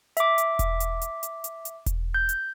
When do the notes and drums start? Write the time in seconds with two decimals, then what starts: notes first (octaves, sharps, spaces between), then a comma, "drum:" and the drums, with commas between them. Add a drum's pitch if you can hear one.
0.17 E5 D6, drum: hi-hat
0.38 drum: hi-hat
0.59 drum: kick E1, hi-hat
0.80 drum: hi-hat
1.01 drum: hi-hat
1.23 drum: hi-hat
1.44 drum: hi-hat
1.65 drum: hi-hat
1.86 drum: kick E1, hi-hat
2.14 G6
2.29 drum: hi-hat